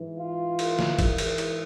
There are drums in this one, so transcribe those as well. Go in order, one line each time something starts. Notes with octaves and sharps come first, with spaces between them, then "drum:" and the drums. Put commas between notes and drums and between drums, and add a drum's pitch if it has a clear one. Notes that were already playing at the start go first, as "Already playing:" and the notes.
Already playing: G#2 E3
F4
drum: cymbal
drum: snare
drum: kick, cymbal
drum: cymbal
drum: cymbal